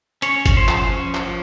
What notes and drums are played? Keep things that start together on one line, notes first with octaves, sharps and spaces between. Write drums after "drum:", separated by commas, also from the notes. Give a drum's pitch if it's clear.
C#4 C#5, drum: hi-hat
drum: kick G1, hi-hat
F3 C5
drum: clap
C#4
drum: clap
F3